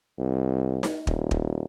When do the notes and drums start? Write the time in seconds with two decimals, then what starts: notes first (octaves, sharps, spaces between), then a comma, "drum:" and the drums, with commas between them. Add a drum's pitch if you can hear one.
0.18 C2
0.83 drum: snare D#4
1.07 D#1, drum: kick
1.31 drum: kick